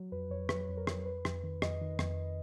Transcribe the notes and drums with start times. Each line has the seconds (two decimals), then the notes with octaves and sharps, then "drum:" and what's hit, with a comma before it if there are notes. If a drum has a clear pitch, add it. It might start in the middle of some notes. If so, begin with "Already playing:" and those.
Already playing: F#3
0.12 F2 B4
0.30 F2 C#5
0.49 F#3 B4, drum: rim click
0.69 F2
0.77 A#4
0.87 F2, drum: rim click
1.06 F2 B4
1.25 F2, drum: rim click
1.44 D#3
1.62 F2 D#5, drum: rim click
1.81 D#3
1.99 F2, drum: rim click